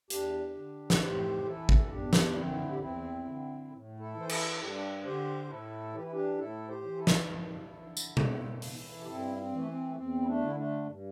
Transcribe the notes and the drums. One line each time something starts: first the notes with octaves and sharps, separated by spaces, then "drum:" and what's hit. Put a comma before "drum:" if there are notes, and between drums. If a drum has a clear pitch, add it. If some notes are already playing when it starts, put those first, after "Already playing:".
E2 D4 G4, drum: hi-hat
D3
drum: snare
A2 G4 C5
E3 E4 A4
drum: kick G#1
E4
E2 D4 G4
drum: snare
D3 C4 E4
G4
E2 C4 E4
D3
A2
E4 A4
E3
C5
E4 A4, drum: cymbal
G2 G4
A4
D4 G4
D3 G4 C5
G4
A2 E4 A4
E3 G4
E4
D4 G4
A2 E4 A4
G4 C5
E3
E4 A4
drum: snare
G2
D3
drum: tambourine
G2, drum: tom B2
E3, drum: open hi-hat
G4
G2 C4 E4
C4
E3
A3
C4
A3
E2 C4
E4
A3 D4
D3 E4
A3 D4
G2